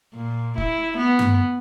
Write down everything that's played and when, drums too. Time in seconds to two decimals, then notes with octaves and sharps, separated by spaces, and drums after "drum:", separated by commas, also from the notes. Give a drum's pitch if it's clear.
0.14 A#2
0.58 E4, drum: kick F1
0.98 B3
1.19 drum: tom G2